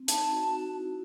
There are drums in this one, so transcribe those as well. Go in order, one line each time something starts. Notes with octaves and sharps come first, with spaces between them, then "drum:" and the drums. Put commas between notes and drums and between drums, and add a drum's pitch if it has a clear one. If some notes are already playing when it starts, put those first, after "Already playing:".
Already playing: C4
D#4 A5, drum: hi-hat
F#4
F#4
E4